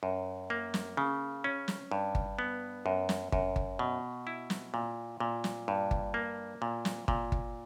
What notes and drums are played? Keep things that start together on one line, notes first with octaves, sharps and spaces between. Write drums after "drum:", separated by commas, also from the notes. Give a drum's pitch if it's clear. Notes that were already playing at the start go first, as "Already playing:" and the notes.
F#2
A#3
drum: snare
C#3
C#4
drum: snare
G2
drum: kick G1
B3
F#2
drum: snare
F#2, drum: kick G1
drum: kick G1
B2
E4
drum: snare
A#2
A#2
drum: snare
G2
drum: kick G1
A#3
A#2
drum: snare
A#2, drum: kick G1
drum: kick G1